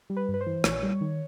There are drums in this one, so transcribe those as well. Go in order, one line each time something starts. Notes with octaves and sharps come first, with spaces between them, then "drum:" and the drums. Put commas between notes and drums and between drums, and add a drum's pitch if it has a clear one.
G3
B4
G2
B4
C5
E3
A#1 C#5, drum: rim click
G3
D#3